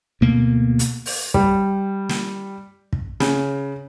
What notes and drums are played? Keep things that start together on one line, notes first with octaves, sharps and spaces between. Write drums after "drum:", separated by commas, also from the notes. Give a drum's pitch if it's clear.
D2 B2 A#3
drum: hi-hat
drum: open hi-hat
G3, drum: kick
drum: snare
drum: kick
C#3, drum: snare